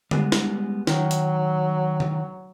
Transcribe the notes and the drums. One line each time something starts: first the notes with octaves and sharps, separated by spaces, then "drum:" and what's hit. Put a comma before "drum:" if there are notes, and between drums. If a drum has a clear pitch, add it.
G3 G#3 B3, drum: tom D3
drum: snare
D#3 F#3, drum: snare
drum: hi-hat
drum: tom C#3